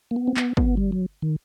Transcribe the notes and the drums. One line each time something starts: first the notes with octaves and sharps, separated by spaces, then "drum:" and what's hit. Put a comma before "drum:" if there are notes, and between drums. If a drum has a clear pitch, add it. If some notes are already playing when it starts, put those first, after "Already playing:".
A#3
B3
C4
B3, drum: clap
B3, drum: kick
G3
F#3
D#3